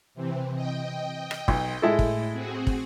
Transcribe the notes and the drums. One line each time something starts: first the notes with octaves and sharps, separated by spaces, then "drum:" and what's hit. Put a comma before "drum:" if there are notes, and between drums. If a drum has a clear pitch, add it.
C3 E3 C4
D#5 G5
drum: rim click
B1, drum: kick
A2 G#3 E4 A4
drum: kick
C4 F#4 G#4
drum: kick